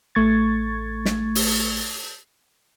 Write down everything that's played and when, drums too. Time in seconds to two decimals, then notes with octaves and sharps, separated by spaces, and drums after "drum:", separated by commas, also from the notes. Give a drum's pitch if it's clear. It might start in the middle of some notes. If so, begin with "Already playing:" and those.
0.15 A1 A3 C#6 G#6 A6
1.05 drum: snare
1.35 drum: open hi-hat